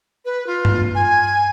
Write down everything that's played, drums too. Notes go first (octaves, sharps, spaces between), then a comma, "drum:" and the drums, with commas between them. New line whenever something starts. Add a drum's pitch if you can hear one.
B4
F4
drum: tom G2
G#5